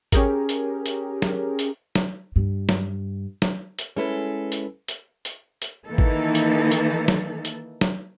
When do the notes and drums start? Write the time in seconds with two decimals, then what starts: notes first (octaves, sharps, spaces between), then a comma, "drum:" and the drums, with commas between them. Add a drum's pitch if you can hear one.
0.12 C#4 G4 G#4 A#4, drum: kick G#1, hi-hat
0.49 drum: hi-hat
0.86 drum: hi-hat
1.22 drum: snare
1.59 drum: hi-hat
1.95 drum: snare
2.36 G2
2.69 drum: snare
3.42 drum: snare
3.79 drum: hi-hat
3.96 G#3 C#4 E4 A4 B4
4.52 drum: hi-hat
4.88 drum: hi-hat
5.25 drum: hi-hat
5.62 drum: hi-hat
5.87 D#3 E3 A#3 D#4 A4
5.98 drum: kick G#1
6.35 drum: hi-hat
6.72 drum: hi-hat
7.08 drum: snare
7.45 drum: hi-hat
7.81 drum: snare